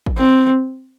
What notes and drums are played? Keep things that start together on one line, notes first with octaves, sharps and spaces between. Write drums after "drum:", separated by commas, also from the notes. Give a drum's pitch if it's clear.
drum: kick
C4